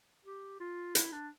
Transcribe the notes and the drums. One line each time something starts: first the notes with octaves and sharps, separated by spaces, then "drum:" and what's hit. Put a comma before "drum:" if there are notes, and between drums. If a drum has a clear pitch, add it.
G4
F4
E4, drum: hi-hat
D4